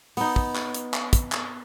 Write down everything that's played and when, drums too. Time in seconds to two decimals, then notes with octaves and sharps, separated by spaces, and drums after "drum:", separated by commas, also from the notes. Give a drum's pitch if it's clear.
0.17 B3 D#4, drum: open hi-hat
0.36 drum: kick
0.55 drum: clap
0.75 drum: hi-hat
0.94 drum: clap
1.13 drum: kick, hi-hat
1.32 drum: clap